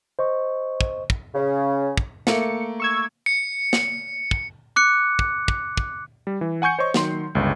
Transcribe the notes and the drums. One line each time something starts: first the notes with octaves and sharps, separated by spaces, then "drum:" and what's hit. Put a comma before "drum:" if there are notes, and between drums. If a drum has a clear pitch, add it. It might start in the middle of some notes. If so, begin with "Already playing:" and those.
C5 D#5 C#6
drum: kick
drum: kick
C#3
drum: kick
A3 A#3 C#7, drum: snare
C#6 E6 G#6
C#7
drum: snare
drum: kick
D6 F#6 C#7
drum: kick
drum: kick
drum: kick
G3
E3
F#5 G#5 C#6 G6 C#7
C5 C#5 D#5 C#6
D#3 F#3 C6, drum: snare
G1 C#2